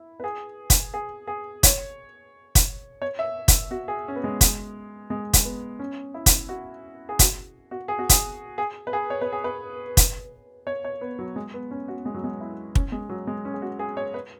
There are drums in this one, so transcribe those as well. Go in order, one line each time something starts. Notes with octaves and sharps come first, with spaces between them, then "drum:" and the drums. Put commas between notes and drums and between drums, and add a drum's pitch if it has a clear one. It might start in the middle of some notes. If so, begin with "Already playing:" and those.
Already playing: E4
B4
G#4
drum: kick, hi-hat
G#4
G#4
C#5, drum: kick, hi-hat
drum: kick, hi-hat
C#5
E5
drum: kick, hi-hat
F#4
G#4
C#4
B3
G#3
drum: kick, hi-hat
G#3
drum: kick, hi-hat
B3
C#4
E4
drum: kick, hi-hat
F#4
G#4
F#4, drum: kick, hi-hat
F#4
G#4
F#4
G#4, drum: kick, hi-hat
G#4
B4
G#4
C#5
B4
G#4
B4
drum: kick, hi-hat
C#5
C#5
B3
F#3
G#3
B3
C#4
F#4
G#3
F#3
G#3
E4
C#4, drum: kick
G#3
F#3
G#3
C#4
G#4
F#4
G#4
C#5
B4